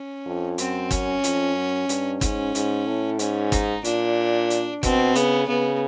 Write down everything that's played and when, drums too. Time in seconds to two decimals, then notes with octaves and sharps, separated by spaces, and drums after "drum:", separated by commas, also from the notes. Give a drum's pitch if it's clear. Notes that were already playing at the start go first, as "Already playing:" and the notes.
Already playing: C#4
0.26 F2
0.58 F#2 C4, drum: hi-hat
0.91 C#4, drum: kick G1, hi-hat
1.24 F2, drum: hi-hat
1.56 F#2
1.89 G2, drum: hi-hat
2.21 G#2 C#4, drum: kick G1, hi-hat
2.55 G#2, drum: hi-hat
2.86 A2
3.19 G#2 C#4, drum: hi-hat
3.52 D#4, drum: kick G1, hi-hat
3.84 A#2 D4, drum: hi-hat
4.50 drum: hi-hat
4.83 B2 C4, drum: kick G1, hi-hat
5.15 C#3 B3, drum: hi-hat
5.48 C#3 B3